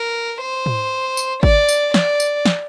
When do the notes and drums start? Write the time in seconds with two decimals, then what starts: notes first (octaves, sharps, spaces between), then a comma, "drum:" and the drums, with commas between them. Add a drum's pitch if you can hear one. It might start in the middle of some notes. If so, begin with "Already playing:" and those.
Already playing: A#4
0.40 C5
0.66 drum: tom
1.17 drum: tambourine
1.43 D5, drum: kick G#1
1.69 drum: tambourine
1.94 D5, drum: snare
2.20 drum: tambourine
2.45 drum: snare